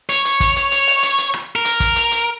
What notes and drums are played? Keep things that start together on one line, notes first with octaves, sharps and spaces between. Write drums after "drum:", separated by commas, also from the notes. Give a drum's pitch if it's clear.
C#5, drum: hi-hat
drum: hi-hat
drum: kick, hi-hat
drum: hi-hat
drum: hi-hat
drum: open hi-hat
drum: hi-hat
drum: hi-hat
drum: rim click
A#4
drum: hi-hat
drum: kick, hi-hat
drum: hi-hat
drum: hi-hat